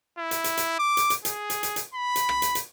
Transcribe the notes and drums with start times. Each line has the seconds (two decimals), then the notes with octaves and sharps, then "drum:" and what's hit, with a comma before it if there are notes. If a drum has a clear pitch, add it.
0.18 E4
0.31 drum: hi-hat
0.44 drum: hi-hat
0.57 drum: hi-hat
0.79 D6
0.97 drum: hi-hat
1.10 drum: hi-hat
1.25 G#4, drum: hi-hat
1.50 drum: hi-hat
1.63 drum: hi-hat
1.76 drum: hi-hat
1.94 B5
2.16 drum: hi-hat
2.29 drum: rim click
2.42 drum: hi-hat
2.55 drum: hi-hat